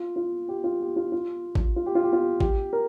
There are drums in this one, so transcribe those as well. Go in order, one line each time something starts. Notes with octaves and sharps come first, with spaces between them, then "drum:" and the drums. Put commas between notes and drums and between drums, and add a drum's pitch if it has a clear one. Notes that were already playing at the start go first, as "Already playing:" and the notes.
Already playing: F4
F4
G4
F4
G4
F4
F4
drum: kick A1
F4
G4
F4
G4
F4
G4, drum: kick A1
A#4